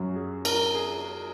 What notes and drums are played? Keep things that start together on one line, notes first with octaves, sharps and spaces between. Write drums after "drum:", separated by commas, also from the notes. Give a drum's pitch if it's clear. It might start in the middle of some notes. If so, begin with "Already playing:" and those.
Already playing: F#2 F#3 C#4 F#4
G#4
A#4, drum: cymbal
G#4